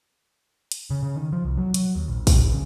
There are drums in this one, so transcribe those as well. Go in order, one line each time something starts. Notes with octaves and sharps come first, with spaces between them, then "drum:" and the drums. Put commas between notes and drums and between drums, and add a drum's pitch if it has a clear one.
drum: hi-hat
C#3
C#3
D#3
F3
C2
F#3
F#3, drum: hi-hat
D#2
A#1
A2, drum: kick, open hi-hat
C#2
C#3